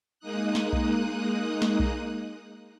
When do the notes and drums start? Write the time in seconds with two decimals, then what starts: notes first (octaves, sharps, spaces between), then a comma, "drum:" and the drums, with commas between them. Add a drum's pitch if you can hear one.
0.19 G#3 A#3 D#4 D#6 F#6
0.55 drum: snare
0.73 drum: kick B1
1.62 drum: snare
1.80 drum: kick B1